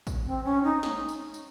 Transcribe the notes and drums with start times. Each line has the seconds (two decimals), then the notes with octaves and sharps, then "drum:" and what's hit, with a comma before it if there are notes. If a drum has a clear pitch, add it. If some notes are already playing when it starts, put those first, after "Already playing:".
0.07 drum: kick, tambourine
0.25 C4
0.45 C#4
0.63 D#4
0.83 drum: snare
1.09 drum: tambourine
1.34 drum: tambourine